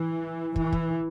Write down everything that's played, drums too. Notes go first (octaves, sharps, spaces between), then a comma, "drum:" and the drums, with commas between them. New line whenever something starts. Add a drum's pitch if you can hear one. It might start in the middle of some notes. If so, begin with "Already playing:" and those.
Already playing: E3
E3, drum: kick
drum: kick